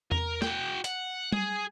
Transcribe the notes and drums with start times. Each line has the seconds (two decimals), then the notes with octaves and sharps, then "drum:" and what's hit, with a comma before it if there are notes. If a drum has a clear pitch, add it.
0.12 A#4, drum: tom E2
0.42 F#4 G5, drum: snare
0.84 F#5, drum: hi-hat
1.32 G#4, drum: tom G3